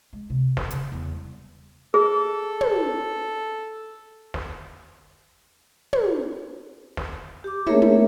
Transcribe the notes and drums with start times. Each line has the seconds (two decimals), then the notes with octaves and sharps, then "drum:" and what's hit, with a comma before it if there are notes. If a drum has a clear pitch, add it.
0.13 G#3
0.30 C3
0.57 D#1, drum: snare
0.71 C#3, drum: hi-hat
0.92 E2
1.12 G3
1.94 G#4 A4
2.61 drum: tom
4.34 drum: snare
5.93 drum: tom
6.97 drum: snare
7.44 G4 D6
7.67 A3 A#3 G#4 A#4 C#5 E5, drum: tom
7.82 drum: tom